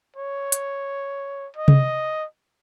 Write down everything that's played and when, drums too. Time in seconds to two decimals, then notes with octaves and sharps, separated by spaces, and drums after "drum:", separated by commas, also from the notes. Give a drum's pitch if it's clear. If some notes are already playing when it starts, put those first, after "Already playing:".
0.16 C#5
0.52 drum: hi-hat
1.56 D#5
1.68 drum: tom C3